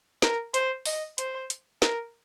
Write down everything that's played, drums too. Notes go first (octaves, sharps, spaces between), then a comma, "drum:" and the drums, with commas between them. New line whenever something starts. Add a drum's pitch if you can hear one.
A#4, drum: snare
C5, drum: hi-hat
D#5, drum: open hi-hat
C5, drum: hi-hat
drum: hi-hat
A#4, drum: snare